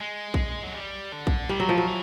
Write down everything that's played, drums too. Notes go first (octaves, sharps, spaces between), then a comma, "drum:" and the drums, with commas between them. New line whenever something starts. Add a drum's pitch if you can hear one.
G#3
drum: kick A#1
F#3
G3
D3
drum: kick A#1
D#3 G3
F#3
F3
F#3
E3